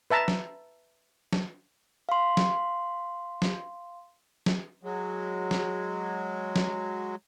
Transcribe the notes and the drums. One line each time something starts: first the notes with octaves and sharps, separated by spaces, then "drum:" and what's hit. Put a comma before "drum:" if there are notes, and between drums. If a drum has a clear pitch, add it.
B4 E5 A5 A#5
drum: snare
drum: snare
F5 C6
drum: snare
drum: snare
drum: snare
F#3 G#3
drum: snare
drum: snare